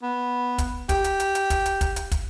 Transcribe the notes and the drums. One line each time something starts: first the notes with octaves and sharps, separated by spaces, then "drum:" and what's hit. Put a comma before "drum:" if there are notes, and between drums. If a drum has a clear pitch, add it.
B3
drum: kick, hi-hat
G4, drum: kick, hi-hat
drum: hi-hat
drum: hi-hat
drum: hi-hat
drum: kick, hi-hat
drum: hi-hat
drum: kick, hi-hat
drum: hi-hat
drum: kick, hi-hat